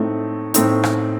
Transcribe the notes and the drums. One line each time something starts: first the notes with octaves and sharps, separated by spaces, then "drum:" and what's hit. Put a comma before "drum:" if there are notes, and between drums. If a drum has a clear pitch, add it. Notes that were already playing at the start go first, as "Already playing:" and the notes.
Already playing: A2 A3 C4 D#4
A2 A3 C4 D#4, drum: hi-hat
drum: rim click